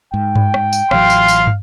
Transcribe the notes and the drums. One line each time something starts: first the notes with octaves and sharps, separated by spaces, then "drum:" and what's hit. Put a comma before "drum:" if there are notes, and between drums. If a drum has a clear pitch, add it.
G#2 G5
drum: tom G2
drum: rim click
drum: tambourine
A1 E3 F#3 F5 C6, drum: rim click
drum: tambourine
drum: tambourine
drum: tom